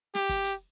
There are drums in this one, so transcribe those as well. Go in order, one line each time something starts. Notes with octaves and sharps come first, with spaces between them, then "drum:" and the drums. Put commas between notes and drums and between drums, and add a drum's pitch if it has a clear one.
G4, drum: snare
drum: kick, hi-hat
drum: hi-hat